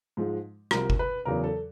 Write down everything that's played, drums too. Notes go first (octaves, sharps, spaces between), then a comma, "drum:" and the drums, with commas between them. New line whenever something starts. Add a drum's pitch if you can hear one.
G#2 F3 G#3
C2 C3 F3 A#4, drum: rim click
drum: kick G1
B4
E2 C#3 F#3 A#4
A4